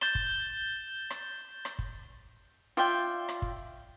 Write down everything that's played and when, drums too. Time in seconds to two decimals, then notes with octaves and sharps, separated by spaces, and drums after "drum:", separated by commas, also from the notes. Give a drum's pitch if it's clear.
0.01 G6 A6 E7 G7, drum: rim click
0.15 drum: kick
1.10 drum: rim click
1.65 drum: rim click
1.79 drum: kick
2.77 F4 D5 E5 G5
3.29 drum: rim click
3.42 drum: kick